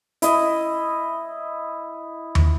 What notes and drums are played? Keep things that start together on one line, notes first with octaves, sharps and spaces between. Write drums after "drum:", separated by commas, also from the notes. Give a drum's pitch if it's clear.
E4 D#5, drum: hi-hat
drum: tom D#2